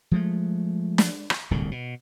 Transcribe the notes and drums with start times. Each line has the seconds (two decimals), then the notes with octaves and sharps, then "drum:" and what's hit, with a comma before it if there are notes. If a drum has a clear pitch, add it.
0.11 F3 G#3 A3
0.98 drum: snare
1.30 drum: rim click
1.51 D1 C2 A#2 D3
1.71 B2